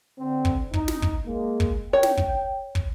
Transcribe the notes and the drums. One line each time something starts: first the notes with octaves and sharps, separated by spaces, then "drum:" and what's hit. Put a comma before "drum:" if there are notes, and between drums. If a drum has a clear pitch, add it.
D3 C4
drum: kick
D#4, drum: kick
drum: snare
drum: kick
G#3 A#3
drum: kick
C#5 G5
drum: snare
drum: kick
drum: kick